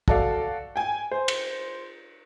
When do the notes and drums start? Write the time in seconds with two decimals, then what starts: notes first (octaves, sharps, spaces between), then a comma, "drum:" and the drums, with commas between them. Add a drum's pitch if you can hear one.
0.08 F#4 A4 D5 F5, drum: kick
0.76 G5 G#5
1.11 C5
1.28 drum: cymbal